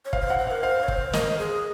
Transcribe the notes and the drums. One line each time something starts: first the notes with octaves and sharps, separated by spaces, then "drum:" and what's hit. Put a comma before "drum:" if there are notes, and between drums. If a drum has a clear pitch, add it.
C#5
C5 F5, drum: kick
C#5
C5
F#5
C5
A#4 F5
C5 F5
C#5
C5, drum: kick
A#4 D#5, drum: snare
G#4